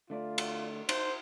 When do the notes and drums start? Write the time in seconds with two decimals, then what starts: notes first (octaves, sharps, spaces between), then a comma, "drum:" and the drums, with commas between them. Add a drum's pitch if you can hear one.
0.10 D3 A3 F4 D5
0.38 drum: cymbal
0.89 D#4 C5, drum: cymbal